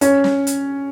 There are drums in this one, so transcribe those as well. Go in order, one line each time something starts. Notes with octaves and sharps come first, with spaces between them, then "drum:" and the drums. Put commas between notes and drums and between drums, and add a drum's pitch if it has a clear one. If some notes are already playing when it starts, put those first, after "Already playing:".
C#4, drum: hi-hat
drum: snare
drum: hi-hat